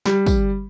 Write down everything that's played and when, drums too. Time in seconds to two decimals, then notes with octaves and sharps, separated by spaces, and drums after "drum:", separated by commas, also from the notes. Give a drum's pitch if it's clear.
0.06 G3, drum: snare
0.26 drum: kick, tambourine